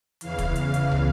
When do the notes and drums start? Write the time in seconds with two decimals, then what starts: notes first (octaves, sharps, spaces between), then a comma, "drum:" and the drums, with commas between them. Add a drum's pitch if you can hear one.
0.21 E2 C#3 E3 F5, drum: hi-hat
0.38 drum: kick, hi-hat
0.56 F5, drum: hi-hat
0.74 drum: hi-hat
0.91 drum: tom